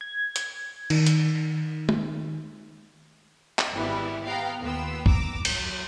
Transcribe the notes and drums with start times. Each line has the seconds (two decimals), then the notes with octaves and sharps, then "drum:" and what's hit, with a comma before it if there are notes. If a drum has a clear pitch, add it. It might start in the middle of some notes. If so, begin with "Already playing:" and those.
0.01 G#6
0.36 drum: hi-hat
0.90 D#3, drum: cymbal
1.06 drum: hi-hat
1.89 drum: tom
3.59 drum: clap
3.73 G#1 E3 G3 B3 E4
4.25 B3 F5 G5 A#5
4.61 D#2 B3 F4 G5 E6
5.06 A#5 D6 E6, drum: kick
5.45 F#3, drum: cymbal